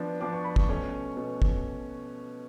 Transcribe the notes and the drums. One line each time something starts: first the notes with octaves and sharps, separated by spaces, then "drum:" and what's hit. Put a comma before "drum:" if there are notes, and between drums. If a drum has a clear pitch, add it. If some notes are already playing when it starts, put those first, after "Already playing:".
Already playing: F3 B3 D4
F3 B3 D4 D6
C#6
B5
C#6, drum: kick
B2 A3 C#4
B2 A3
drum: kick